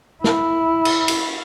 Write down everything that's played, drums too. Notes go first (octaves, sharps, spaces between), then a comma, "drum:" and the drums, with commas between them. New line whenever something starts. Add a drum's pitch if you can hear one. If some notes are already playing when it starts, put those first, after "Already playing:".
E4, drum: snare
drum: cymbal
drum: cymbal